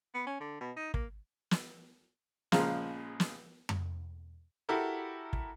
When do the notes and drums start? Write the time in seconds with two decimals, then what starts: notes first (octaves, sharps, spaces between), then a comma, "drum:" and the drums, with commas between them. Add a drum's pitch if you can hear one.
0.15 B3
0.27 C#4
0.40 D3
0.61 B2
0.76 D#4
0.94 A#3, drum: kick
1.51 drum: snare
2.52 A#1 C#3 F3 G#3 F5 A#5, drum: snare
3.20 drum: snare
3.69 drum: tom F2
4.69 E4 F#4 G4 A4 A#4
5.33 drum: kick